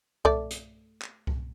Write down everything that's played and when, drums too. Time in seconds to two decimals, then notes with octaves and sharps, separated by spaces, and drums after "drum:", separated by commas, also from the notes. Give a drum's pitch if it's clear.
0.25 A3 D5, drum: kick C2
0.50 drum: hi-hat
1.02 drum: clap
1.27 drum: kick C2